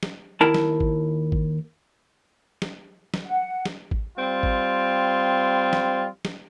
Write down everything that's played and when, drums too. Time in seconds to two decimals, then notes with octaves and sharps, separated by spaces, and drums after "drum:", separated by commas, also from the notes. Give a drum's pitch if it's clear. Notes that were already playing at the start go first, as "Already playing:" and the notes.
0.03 drum: snare
0.41 D#2 E4 A#4 A5
0.54 drum: snare
0.80 drum: kick G#1
1.32 drum: kick G#1
2.62 drum: snare
3.14 drum: snare
3.25 F#5
3.65 drum: snare
3.91 drum: kick G#1
4.17 G3 C4 F4
4.43 drum: kick G#1
5.73 drum: snare
6.25 drum: snare